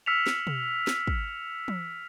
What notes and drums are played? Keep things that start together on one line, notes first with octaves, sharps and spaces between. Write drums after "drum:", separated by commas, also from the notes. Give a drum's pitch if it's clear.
E6 F6 B6 C#7 E7 F7
drum: snare
drum: tom
drum: snare
drum: kick
drum: tom